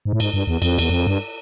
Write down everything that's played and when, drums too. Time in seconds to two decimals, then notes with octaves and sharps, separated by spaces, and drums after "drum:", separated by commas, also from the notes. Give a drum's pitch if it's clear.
0.05 G#2
0.13 A2
0.20 G#2, drum: cymbal
0.34 G2
0.47 E2
0.62 F2, drum: cymbal
0.78 E2, drum: cymbal
0.90 F2
1.07 G2